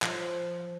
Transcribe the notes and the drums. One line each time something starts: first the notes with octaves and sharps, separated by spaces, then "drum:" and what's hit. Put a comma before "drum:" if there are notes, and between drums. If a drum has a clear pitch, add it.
F3, drum: clap